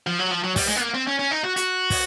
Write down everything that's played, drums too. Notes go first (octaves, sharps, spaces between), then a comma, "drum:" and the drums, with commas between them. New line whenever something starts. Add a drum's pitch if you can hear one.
F3
F#3
F3
F#3
G3, drum: kick, open hi-hat
G#3
B3
A#3
C4
C#4
C#4
D#4
F#4
F#4, drum: hi-hat
drum: kick, open hi-hat